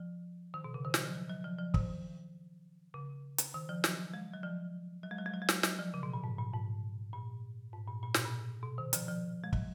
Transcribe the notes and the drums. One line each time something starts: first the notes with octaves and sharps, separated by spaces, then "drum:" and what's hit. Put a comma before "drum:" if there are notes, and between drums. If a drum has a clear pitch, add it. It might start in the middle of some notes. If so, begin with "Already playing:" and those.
Already playing: F3
D#3
B2
C#3
D#3
F#3, drum: snare
F3
F#3
F#3
F3
F3
D#3, drum: kick
C#3
drum: hi-hat
D#3
F3
F#3, drum: snare
G#3
F#3
F3
F#3
G#3
F#3
G#3
F#3
G#3
F#3, drum: snare
F#3, drum: snare
F3
C#3
B2
A#2
G#2
A#2
G#2
A#2
G#2
A#2
A#2
B2, drum: snare
A#2
B2
D#3
F3, drum: hi-hat
F3
G#3
F#3, drum: kick